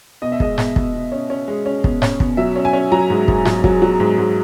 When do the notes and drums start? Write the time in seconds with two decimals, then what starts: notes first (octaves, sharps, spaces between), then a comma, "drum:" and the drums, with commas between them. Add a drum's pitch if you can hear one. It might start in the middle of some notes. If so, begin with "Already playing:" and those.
0.22 B2 D#5
0.32 E5
0.40 G#3 D#5, drum: kick
0.58 B2, drum: snare G#2
0.76 B2, drum: kick
0.94 B2
1.12 C#4
1.30 C#4
1.48 G#3
1.66 C#4
1.84 B2, drum: kick
2.02 C#4, drum: snare G#2
2.20 B2, drum: kick
2.37 F#3 E5
2.56 C#4
2.65 G#5
2.73 C#4
2.92 F#3 A#5
3.10 G#2
3.28 G#2, drum: kick
3.45 F#3, drum: snare G#2
3.64 F#3, drum: kick
3.82 F#3
4.00 G#2
4.18 G#2